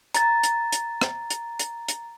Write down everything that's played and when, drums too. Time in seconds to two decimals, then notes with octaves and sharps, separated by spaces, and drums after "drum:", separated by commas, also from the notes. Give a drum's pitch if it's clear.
0.14 A#5 A6, drum: hi-hat
0.43 drum: hi-hat
0.72 drum: hi-hat
1.01 drum: rim click
1.30 drum: hi-hat
1.59 drum: hi-hat
1.88 drum: hi-hat